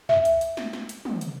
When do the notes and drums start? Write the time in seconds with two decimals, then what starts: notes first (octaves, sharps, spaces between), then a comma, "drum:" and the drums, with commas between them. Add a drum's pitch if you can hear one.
0.09 E5, drum: tom
0.25 drum: hi-hat
0.41 drum: hi-hat
0.57 drum: snare
0.73 drum: snare
0.89 drum: hi-hat
1.05 drum: tom
1.21 drum: hi-hat